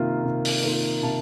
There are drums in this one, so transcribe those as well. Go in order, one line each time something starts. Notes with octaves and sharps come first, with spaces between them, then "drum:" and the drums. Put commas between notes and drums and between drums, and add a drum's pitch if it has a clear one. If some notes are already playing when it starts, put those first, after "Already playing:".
Already playing: C3 D#3 A#3 F4
C3
drum: open hi-hat
D#3 A#3 F4
C3 F5 A5